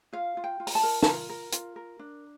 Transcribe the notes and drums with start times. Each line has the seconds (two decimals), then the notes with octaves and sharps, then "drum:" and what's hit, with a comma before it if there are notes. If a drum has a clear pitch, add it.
0.13 F4 F5
0.37 F4
0.44 G5
0.60 F4
0.67 A#5, drum: open hi-hat
0.75 A5
0.83 A#4
1.03 A5, drum: snare
1.06 F4 A#5
1.29 A#4
1.52 F4, drum: hi-hat
1.76 A#4
1.99 D4